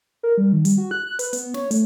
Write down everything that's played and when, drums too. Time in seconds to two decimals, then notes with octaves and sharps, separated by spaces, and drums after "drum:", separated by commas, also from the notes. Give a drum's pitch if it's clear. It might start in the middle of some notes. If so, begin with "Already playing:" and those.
0.23 A#4
0.38 G3
0.53 D#3
0.65 G3, drum: hi-hat
0.78 F#4
0.91 F#6
1.07 F#6
1.19 B4, drum: hi-hat
1.33 B3, drum: hi-hat
1.54 C#5, drum: snare
1.71 A3, drum: hi-hat